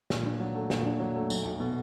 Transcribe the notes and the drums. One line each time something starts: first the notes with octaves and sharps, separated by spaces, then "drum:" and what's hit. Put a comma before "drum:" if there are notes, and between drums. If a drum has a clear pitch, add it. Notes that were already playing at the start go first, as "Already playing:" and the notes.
A#2, drum: snare
D4
F#3
A3
A#2, drum: snare
D4
F#3
A3
B1, drum: tambourine
B1
B2